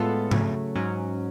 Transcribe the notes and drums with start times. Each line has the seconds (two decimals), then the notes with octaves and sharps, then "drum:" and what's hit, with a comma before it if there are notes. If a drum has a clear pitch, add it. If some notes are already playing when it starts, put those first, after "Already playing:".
Already playing: A2 G#3 B3 F4 A4
0.31 C#3 F#3 A3, drum: tom G#2
0.75 G#2 F#3 C#4